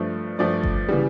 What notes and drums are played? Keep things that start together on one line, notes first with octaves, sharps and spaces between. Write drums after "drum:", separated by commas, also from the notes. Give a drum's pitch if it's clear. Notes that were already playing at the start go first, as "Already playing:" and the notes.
Already playing: G2 F3 A3
G2 F3 A3 D5
drum: kick G1
C#3 E3 G3